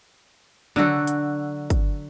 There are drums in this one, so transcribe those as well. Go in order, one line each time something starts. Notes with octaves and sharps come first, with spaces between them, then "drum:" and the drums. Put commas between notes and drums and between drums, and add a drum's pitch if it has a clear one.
D3 F#3 F#4 A4, drum: tom
drum: hi-hat
drum: kick, hi-hat